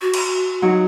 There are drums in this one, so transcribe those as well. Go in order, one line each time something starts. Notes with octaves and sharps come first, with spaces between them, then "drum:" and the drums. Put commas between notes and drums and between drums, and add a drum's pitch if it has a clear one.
F#4
drum: cymbal
F#3 D#4